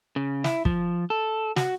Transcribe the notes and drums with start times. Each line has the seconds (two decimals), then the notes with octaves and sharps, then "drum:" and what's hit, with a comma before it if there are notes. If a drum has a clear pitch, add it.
0.16 C#3
0.44 E4, drum: snare
0.65 F3, drum: kick
1.10 A4
1.56 F#4, drum: snare